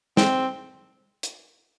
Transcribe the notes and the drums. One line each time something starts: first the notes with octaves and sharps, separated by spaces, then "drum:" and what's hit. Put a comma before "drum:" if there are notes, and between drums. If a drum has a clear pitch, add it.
C4, drum: snare
drum: hi-hat